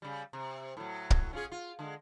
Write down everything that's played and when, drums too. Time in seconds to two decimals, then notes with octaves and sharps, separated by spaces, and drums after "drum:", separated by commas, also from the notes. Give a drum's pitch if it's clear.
0.02 C#3 G3
0.33 C3
0.77 A2 F#3
1.10 drum: kick
1.33 C#4 F4 G#4
1.52 F4
1.79 D3 G#3